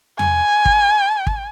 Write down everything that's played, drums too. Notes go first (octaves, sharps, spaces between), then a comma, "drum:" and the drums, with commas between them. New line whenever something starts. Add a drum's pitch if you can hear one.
G#5, drum: tom E2
drum: kick
drum: kick